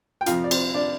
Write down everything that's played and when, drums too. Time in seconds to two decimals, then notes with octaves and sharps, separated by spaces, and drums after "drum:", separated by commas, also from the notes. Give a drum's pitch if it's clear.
0.21 G5
0.26 F2 C3 F3 F4 F5, drum: hi-hat
0.44 D5
0.51 C4 C5, drum: cymbal
0.74 D4 D5